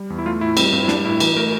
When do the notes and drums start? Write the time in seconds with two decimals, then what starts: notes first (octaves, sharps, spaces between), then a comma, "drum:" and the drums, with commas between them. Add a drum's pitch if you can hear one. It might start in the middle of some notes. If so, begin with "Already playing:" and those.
Already playing: G3
0.10 E2
0.18 E4
0.26 A3 F4
0.41 A2 E4
0.57 G3 C4, drum: cymbal
0.72 G2 C4
0.83 E4
0.88 G3 D4, drum: snare
1.05 A2 E4
1.20 E3, drum: cymbal
1.36 A3 A#4